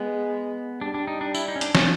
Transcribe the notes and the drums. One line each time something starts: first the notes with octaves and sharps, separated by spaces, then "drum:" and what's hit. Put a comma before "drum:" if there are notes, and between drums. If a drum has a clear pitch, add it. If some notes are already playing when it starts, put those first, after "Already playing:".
Already playing: G#3 B3
G3 D4
D4
D#4
D4
E4, drum: tambourine
D#4
C#4
D4, drum: hi-hat
D4, drum: snare